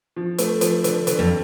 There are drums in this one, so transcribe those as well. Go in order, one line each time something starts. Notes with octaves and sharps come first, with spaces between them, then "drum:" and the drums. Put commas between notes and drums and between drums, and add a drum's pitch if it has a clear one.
F3
A3, drum: hi-hat
F3, drum: hi-hat
D3, drum: hi-hat
D3, drum: hi-hat
F2